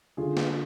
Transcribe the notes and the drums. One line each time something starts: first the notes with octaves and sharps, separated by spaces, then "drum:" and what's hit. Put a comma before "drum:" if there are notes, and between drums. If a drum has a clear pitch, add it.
D3 F4 G#4
drum: snare